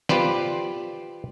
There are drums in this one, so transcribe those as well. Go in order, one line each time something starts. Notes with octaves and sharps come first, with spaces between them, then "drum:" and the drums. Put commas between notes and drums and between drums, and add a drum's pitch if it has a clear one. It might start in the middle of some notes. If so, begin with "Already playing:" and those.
F4 G4 B4 C5 D5, drum: snare